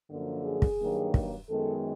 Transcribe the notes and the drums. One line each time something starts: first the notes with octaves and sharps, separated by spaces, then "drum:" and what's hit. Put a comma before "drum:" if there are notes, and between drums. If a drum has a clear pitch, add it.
F#2 D3 F3 A#3
G#4
drum: kick
G2 D#3 F#3 A#3
drum: kick
F#2 D#3 G#3 B3 A4